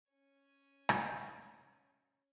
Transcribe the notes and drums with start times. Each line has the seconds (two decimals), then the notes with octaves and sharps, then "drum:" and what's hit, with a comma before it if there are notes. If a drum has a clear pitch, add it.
0.11 C#4 C#5
0.89 drum: rim click